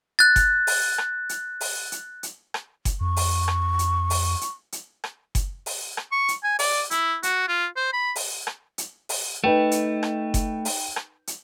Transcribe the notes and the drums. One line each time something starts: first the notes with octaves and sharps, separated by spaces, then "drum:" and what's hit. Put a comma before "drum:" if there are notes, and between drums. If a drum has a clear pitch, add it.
F#6 A6
drum: kick F#1, hi-hat
drum: open hi-hat
drum: rim click
drum: hi-hat
drum: open hi-hat
drum: hi-hat
drum: hi-hat
drum: rim click
drum: kick F#1, hi-hat
F2 C#6
drum: open hi-hat
drum: rim click
drum: hi-hat
drum: open hi-hat
drum: hi-hat
drum: hi-hat
drum: rim click
drum: kick F#1, hi-hat
drum: open hi-hat
drum: rim click
C#6
drum: hi-hat
G#5
D5, drum: open hi-hat
E4, drum: hi-hat
F#4, drum: hi-hat
F4
C5
B5
drum: open hi-hat
drum: rim click
drum: hi-hat
drum: open hi-hat
A3 D#4 B4 G5
drum: hi-hat
drum: rim click
drum: kick F#1, hi-hat
drum: open hi-hat
drum: rim click
drum: hi-hat